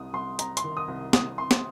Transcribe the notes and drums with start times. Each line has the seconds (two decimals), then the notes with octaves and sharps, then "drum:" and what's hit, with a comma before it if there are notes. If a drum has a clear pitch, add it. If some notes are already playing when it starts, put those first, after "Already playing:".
Already playing: C2 D#6
0.13 C2 C6
0.39 C3 A#5, drum: hi-hat
0.57 C6, drum: hi-hat
0.64 D#3
0.77 D#6
0.88 C2
1.13 C2 D#6, drum: snare
1.38 C3 C6
1.51 drum: snare